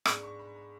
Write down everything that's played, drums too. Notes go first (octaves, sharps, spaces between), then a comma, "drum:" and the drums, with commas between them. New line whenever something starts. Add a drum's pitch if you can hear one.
G#2 G#3 B3 D4 C#6, drum: rim click
C#6
B5
B5